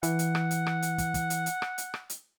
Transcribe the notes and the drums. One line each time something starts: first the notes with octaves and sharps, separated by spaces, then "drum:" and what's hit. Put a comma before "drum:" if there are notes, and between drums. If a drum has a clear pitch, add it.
E3 F#5, drum: hi-hat
drum: hi-hat
drum: rim click
drum: hi-hat
drum: rim click
drum: hi-hat
drum: kick, hi-hat
drum: kick, hi-hat
drum: hi-hat
drum: hi-hat
drum: rim click
drum: hi-hat
drum: rim click
drum: hi-hat